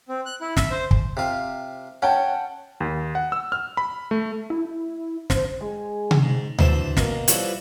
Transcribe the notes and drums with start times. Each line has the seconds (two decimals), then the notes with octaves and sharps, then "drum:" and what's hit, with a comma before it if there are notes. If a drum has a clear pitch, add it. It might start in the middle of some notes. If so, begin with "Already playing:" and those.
0.09 C4
0.26 F#6
0.41 E4
0.57 E5, drum: snare
0.71 C5
0.91 drum: kick
1.17 C3 F4
2.02 C#4 F#5 G5 A5
2.80 D#2
3.15 F#5
3.32 E6
3.52 F6
3.77 B5
4.11 A3
4.50 E4
5.30 C5, drum: snare
5.61 G#3
6.11 drum: tom C3
6.23 G#2
6.59 D2 E3 C5 E5 A5, drum: tom D2
6.97 B2 A#3, drum: snare
7.28 F3 G3 E4 F#4 B4 C#5, drum: hi-hat